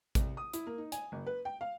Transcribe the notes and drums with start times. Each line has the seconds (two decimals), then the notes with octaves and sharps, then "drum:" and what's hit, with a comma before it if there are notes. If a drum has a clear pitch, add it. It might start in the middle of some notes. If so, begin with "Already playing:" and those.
0.15 C2, drum: kick A1, hi-hat
0.37 D#6
0.53 E4, drum: hi-hat
0.67 A#3
0.78 D#4
0.92 G#5, drum: hi-hat
1.12 F#1
1.26 B4
1.45 G5
1.61 F5